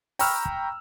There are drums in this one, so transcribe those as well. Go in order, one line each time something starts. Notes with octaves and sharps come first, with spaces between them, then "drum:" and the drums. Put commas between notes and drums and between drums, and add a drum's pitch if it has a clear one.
G5 A#5 B5 C#6 E6 F6, drum: open hi-hat
drum: kick